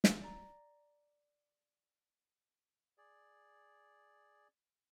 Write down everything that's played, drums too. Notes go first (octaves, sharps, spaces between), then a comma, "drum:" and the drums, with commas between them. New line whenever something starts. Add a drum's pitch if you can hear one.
drum: snare
D5 A#5
G#4 D5